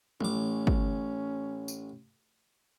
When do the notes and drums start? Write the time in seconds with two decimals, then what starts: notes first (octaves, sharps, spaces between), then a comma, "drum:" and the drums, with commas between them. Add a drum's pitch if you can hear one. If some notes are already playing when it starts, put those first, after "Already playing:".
0.21 A1 C#4 D6, drum: tom E3
0.67 drum: kick
1.68 drum: tambourine